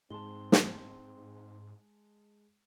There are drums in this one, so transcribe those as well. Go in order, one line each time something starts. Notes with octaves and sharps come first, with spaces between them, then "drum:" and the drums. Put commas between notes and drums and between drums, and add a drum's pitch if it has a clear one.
G#2 G#3 C4 D#4 A5 C6 G7
drum: snare